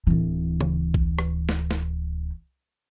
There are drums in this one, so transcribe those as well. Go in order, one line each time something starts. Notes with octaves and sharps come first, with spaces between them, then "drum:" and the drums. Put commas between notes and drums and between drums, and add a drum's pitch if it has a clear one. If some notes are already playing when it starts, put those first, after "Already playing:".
D1 E3
drum: tom C#3
drum: kick
drum: rim click
drum: snare
drum: snare